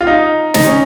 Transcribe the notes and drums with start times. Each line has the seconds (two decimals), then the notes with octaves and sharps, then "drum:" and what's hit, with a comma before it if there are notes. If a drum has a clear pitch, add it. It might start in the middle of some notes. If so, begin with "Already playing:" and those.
0.01 F4
0.07 D#4
0.54 D#4, drum: snare
0.67 C#4